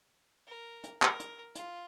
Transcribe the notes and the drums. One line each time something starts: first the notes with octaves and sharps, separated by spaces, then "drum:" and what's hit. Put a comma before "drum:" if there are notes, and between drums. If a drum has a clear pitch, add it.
A#4
drum: hi-hat
A#4, drum: clap
drum: hi-hat
F4, drum: hi-hat